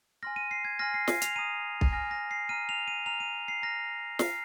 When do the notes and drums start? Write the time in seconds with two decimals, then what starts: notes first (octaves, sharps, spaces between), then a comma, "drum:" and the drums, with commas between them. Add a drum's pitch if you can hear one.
0.23 G#5 C6 F6 A#6
0.36 D#7
0.51 C7
0.65 G#6
0.79 G#5 C6 F6 A#6
0.94 C7
1.08 C7, drum: snare
1.22 F7, drum: hi-hat
1.36 A#5 D#6 D#7
1.81 drum: kick B1
1.92 G#5 F6 A#6
2.11 A#6
2.31 C7
2.49 A#5 F6 D#7
2.69 F7
2.88 D#7
3.06 A#5 F6 F7
3.20 D#7
3.48 C7
3.62 A#5 F6 A#6
4.19 A#5 F6 C7, drum: snare